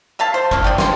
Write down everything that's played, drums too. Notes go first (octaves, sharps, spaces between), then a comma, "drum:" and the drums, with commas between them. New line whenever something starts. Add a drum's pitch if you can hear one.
A#3 E5 F5 A5
C5
A3 A#3 C#4 D4, drum: kick G1
D4 D#4 D5 G5
G#5 C6, drum: snare